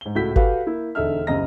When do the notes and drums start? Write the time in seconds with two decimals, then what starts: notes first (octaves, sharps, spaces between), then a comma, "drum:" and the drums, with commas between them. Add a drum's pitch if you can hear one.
0.01 G#2 G7
0.15 C#2 A2 E4 F#4 G6 B6
0.36 F#4 G4 A4 B4 F5, drum: kick G1
0.67 A#3 E4
0.95 E1 D3 D#4 A4 E5 F6
1.27 F#1 C2 C#3 D#5 A#5 A#6